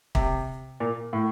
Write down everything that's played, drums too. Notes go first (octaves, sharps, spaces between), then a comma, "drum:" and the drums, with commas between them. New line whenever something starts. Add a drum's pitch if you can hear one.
C3, drum: kick
A#2
A2